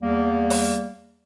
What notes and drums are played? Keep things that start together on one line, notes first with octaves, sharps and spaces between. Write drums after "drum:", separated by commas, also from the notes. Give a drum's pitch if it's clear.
E2 G3 A#3
drum: open hi-hat